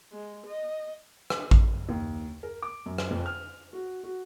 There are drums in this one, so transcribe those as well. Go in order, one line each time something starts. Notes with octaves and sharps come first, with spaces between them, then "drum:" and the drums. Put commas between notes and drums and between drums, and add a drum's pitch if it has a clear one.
G#3
D#5
drum: rim click
drum: kick A1
D#2
A#4
D6
F#2
drum: rim click
F2
F6
F#4
F#4